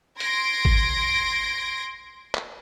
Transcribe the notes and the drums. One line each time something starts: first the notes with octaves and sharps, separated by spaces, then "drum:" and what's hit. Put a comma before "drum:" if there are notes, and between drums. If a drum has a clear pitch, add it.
C6 G#6 A#6 D7, drum: hi-hat
drum: kick G#1
drum: clap